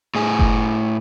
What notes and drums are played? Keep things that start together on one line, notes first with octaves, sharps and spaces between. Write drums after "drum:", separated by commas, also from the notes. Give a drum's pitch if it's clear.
A2 G#4
drum: kick F#1